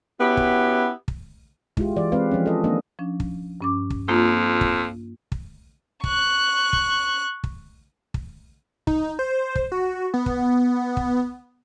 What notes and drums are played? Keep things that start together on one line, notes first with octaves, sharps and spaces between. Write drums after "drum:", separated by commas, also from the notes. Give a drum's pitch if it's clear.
B3 C#4 E4 F#4 G4
drum: kick
drum: kick
G#3 E4 F4 G4, drum: kick
E3 D5
G#3 C4 B4 F5
F3 C#4
A4 D#5
D#3 F3 A#3 D4 D#5
F3 C#4 D4
drum: kick
G2 C#4 D6
drum: kick
F2 A#3 D4 F4
drum: kick
drum: kick
C#6 F#6, drum: kick
drum: kick
drum: kick
drum: kick
D#4, drum: kick
C5
drum: kick
F#4
B3
drum: kick
drum: kick